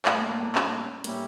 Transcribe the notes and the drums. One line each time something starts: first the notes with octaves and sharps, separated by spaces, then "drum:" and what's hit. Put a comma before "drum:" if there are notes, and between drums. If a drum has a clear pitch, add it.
A2 G3 A3 D4 G4, drum: clap
A#3
A#3
A#3
C#4, drum: clap
A#3
C#4
A2 G3 A#3 C#4 E4 G4, drum: hi-hat